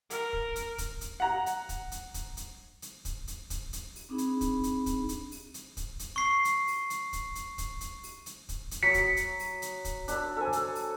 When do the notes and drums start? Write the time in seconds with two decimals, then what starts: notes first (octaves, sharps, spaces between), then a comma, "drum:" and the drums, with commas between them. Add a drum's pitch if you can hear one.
0.10 A#4, drum: hi-hat
0.33 drum: kick
0.56 drum: hi-hat
0.78 drum: kick, hi-hat
1.01 drum: hi-hat
1.20 F#5 A#5
1.46 drum: hi-hat
1.69 drum: kick, hi-hat
1.92 drum: hi-hat
2.14 drum: kick, hi-hat
2.37 drum: hi-hat
2.82 drum: hi-hat
3.05 drum: kick, hi-hat
3.28 drum: hi-hat
3.50 drum: kick, hi-hat
3.73 drum: hi-hat
3.95 drum: open hi-hat
4.09 C4 D4 D#4 G#4 B5
4.18 drum: hi-hat
4.41 drum: kick, hi-hat
4.63 drum: hi-hat
4.86 drum: kick, hi-hat
5.09 drum: hi-hat
5.31 drum: open hi-hat
5.54 drum: hi-hat
5.77 drum: kick, hi-hat
5.99 drum: hi-hat
6.16 C#6 C7
6.45 drum: hi-hat
6.67 drum: open hi-hat
6.90 drum: hi-hat
7.13 drum: kick, hi-hat
7.35 drum: hi-hat
7.58 drum: kick, hi-hat
7.81 drum: hi-hat
8.03 drum: open hi-hat
8.26 drum: hi-hat
8.49 drum: kick, hi-hat
8.71 drum: hi-hat
8.83 F#3 D#6 B6 C#7
8.94 drum: kick, hi-hat
9.17 drum: hi-hat
9.39 drum: open hi-hat
9.62 drum: hi-hat
9.85 drum: kick, hi-hat
10.08 D4 B5 E6, drum: hi-hat
10.37 A4 C5 G#5
10.53 drum: hi-hat
10.75 drum: open hi-hat